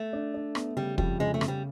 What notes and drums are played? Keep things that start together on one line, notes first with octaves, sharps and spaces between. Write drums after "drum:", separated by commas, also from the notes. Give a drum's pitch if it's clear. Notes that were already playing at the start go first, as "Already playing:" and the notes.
Already playing: A3
D4
D4
B3, drum: rim click
C#3 G3
F2 G3, drum: kick
C#3 G#3
A3
C#3, drum: rim click
G3